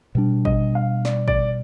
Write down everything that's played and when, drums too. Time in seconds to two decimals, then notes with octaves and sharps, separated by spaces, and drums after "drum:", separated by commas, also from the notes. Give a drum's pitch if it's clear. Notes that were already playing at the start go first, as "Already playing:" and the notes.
0.15 B2 G3 D4
0.45 D#5, drum: kick G#1
0.75 F5
1.05 D5, drum: snare
1.28 D5, drum: kick G#1